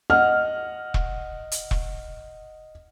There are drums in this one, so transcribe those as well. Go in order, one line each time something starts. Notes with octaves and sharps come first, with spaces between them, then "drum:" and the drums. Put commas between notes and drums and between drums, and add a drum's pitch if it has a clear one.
D#5 F#5 F6
drum: kick E1
drum: hi-hat
drum: kick E1